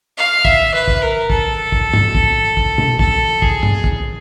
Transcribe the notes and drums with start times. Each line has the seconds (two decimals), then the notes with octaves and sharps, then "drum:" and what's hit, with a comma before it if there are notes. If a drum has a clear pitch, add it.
0.18 F5
0.45 E5, drum: kick
0.74 B4
0.88 drum: kick
1.02 A#4
1.30 A4, drum: kick
1.72 drum: kick
1.93 drum: tom
2.15 drum: kick
2.57 drum: kick
2.78 drum: tom
2.99 A4, drum: kick
3.42 G#4, drum: kick
3.63 drum: tom
3.84 drum: kick